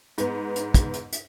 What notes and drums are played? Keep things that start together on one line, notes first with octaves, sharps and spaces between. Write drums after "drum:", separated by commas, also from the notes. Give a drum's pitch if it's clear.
G#2 B3, drum: hi-hat
drum: hi-hat
drum: kick, hi-hat
drum: hi-hat
drum: hi-hat